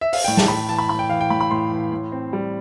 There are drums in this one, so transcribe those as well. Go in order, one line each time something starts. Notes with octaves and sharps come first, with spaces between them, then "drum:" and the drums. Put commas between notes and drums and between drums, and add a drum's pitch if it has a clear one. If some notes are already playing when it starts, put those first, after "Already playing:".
E5
F5, drum: open hi-hat
A2 G5
A5, drum: snare
A2 B5
E3 A5
B5
A2 B5
G5
E3 F5
G5
A2 B5
B5
A2 C6
E3
A2
C4
G3